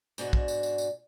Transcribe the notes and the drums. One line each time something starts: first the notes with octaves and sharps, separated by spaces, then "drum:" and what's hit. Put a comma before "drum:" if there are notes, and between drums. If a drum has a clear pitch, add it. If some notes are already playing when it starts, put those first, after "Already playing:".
G#2 B2 D4 F#4, drum: tambourine
drum: kick
drum: tambourine
drum: tambourine
drum: tambourine